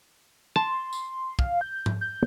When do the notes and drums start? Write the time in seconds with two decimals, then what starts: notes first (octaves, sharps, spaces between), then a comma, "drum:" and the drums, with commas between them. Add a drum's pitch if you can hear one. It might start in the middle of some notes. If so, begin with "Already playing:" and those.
0.56 A5 C6
0.93 drum: tambourine
1.39 F5, drum: kick
1.61 G6
1.86 drum: tom G#2
2.01 G6